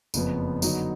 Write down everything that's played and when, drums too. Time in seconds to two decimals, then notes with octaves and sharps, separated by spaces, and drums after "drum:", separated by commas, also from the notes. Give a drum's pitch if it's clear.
0.14 F#1 F2 F3 B3, drum: tambourine
0.62 D3 F#3 B3 D#4, drum: tambourine